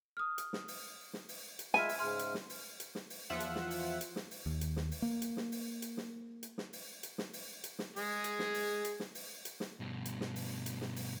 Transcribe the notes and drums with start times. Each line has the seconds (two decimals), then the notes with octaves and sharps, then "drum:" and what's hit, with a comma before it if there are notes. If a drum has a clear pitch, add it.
0.17 D#6 F6
0.38 drum: hi-hat
0.53 drum: snare
0.68 drum: open hi-hat
1.13 drum: snare
1.29 drum: open hi-hat
1.59 drum: hi-hat
1.74 G#3 F4 E5 G#5 B5 F6, drum: snare
1.89 drum: open hi-hat
1.99 G#2 C#3 E5 C6 F6
2.19 drum: hi-hat
2.34 drum: snare
2.50 drum: open hi-hat
2.80 drum: hi-hat
2.95 drum: snare
3.10 drum: open hi-hat
3.30 E2 F3 F4 E5 F#5
3.40 drum: hi-hat
3.55 drum: snare
3.70 drum: open hi-hat
4.01 drum: hi-hat
4.16 drum: snare
4.31 drum: open hi-hat
4.46 D#2
4.61 drum: hi-hat
4.76 drum: snare
4.91 drum: open hi-hat
5.02 A#3
5.22 drum: hi-hat
5.37 drum: snare
5.52 drum: open hi-hat
5.82 drum: hi-hat
5.97 drum: snare
6.43 drum: hi-hat
6.58 drum: snare
6.73 drum: open hi-hat
7.03 drum: hi-hat
7.18 drum: snare
7.33 drum: open hi-hat
7.64 drum: hi-hat
7.79 drum: snare
7.96 G#3 G#4, drum: open hi-hat
8.24 drum: hi-hat
8.39 drum: snare
8.54 drum: open hi-hat
8.85 drum: hi-hat
9.00 drum: snare
9.15 drum: open hi-hat
9.45 drum: hi-hat
9.60 drum: snare
9.80 G2 B2
10.06 drum: hi-hat
10.21 drum: snare
10.36 drum: open hi-hat
10.66 drum: hi-hat
10.81 drum: snare
10.96 drum: open hi-hat